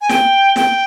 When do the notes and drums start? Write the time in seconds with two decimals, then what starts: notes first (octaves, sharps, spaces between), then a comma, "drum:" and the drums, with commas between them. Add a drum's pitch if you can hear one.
0.01 G#5
0.09 G5, drum: snare
0.56 G5, drum: snare